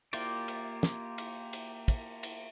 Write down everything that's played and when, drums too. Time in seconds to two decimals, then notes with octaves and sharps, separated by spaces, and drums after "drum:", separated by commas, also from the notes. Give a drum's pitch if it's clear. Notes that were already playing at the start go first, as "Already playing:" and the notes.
0.13 A#3 F4 G4 D5, drum: cymbal
0.48 drum: cymbal
0.83 drum: snare
1.18 drum: cymbal
1.53 drum: cymbal
1.88 drum: kick, cymbal
2.23 drum: cymbal